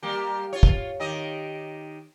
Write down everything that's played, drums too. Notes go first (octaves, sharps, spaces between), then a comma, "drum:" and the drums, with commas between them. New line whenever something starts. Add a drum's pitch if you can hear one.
G3 A#3 G4
F4 C#5
drum: kick
D#3 G4 D#5